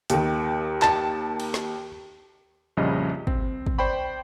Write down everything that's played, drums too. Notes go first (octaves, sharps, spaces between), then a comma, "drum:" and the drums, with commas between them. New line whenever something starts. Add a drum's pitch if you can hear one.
D#2 D#3, drum: hi-hat
A5, drum: clap
drum: cymbal
drum: snare
A#1 F2 C#3 G3 F4 D#5
C4, drum: kick
drum: kick
C5 D5 G5 B5 C#6